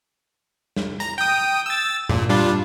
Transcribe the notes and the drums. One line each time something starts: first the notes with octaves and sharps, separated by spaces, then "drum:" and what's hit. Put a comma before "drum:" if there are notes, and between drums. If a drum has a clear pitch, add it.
drum: snare
A#5, drum: hi-hat
G5 D#6
E6 A6
A#2, drum: tom G2
G3 D4 F4